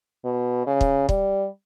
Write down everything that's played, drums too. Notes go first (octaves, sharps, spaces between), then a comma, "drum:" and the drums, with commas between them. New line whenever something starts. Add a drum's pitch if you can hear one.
B2
C#3
drum: kick
G3, drum: kick